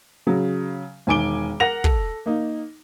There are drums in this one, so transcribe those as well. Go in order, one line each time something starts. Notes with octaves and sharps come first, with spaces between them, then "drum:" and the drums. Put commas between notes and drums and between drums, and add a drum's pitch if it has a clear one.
C#3 F#3
E1 D#3 G#5 D6 D7 G7
A#4 F#5 A#6 F7
A4, drum: kick
A#3 D#4